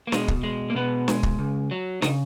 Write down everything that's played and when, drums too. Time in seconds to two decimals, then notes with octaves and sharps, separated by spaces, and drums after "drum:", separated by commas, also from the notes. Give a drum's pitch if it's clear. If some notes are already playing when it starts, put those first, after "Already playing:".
0.07 A#3
0.12 B2 G#3, drum: snare
0.28 drum: kick
0.43 G#3
0.70 A#3
0.75 B2 B3
1.08 G#3, drum: snare
1.23 drum: kick
1.39 C#3
1.71 F#3
2.02 C#3 D#4, drum: snare